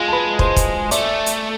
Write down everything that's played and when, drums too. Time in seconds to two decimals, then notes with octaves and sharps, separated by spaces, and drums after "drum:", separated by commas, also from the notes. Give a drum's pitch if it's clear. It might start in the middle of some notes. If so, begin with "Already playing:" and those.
Already playing: G#3 F4 F5
0.08 A5
0.13 B4 B5
0.39 C5 C6, drum: kick
0.56 drum: kick, hi-hat
0.91 A3 D5 D6, drum: hi-hat
1.26 drum: hi-hat